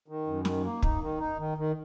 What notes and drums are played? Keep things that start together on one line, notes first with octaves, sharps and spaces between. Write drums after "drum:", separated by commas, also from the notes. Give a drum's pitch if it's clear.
D#3
F#2
D#3, drum: snare
A#3
D#4, drum: kick
D#3
D#4
D#3
D#3